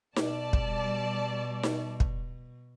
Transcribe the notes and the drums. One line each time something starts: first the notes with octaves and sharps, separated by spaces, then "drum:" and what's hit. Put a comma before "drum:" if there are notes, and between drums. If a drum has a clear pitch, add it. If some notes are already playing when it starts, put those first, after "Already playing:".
B2 G3 D5 A5, drum: snare D#4
drum: kick
drum: snare D#4
drum: kick